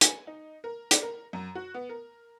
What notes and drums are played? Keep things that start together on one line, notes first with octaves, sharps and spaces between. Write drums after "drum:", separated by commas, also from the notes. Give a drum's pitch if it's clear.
G#5, drum: hi-hat
D#4
A#4
D5, drum: hi-hat
A#4
F#2
F#4
B3
A#4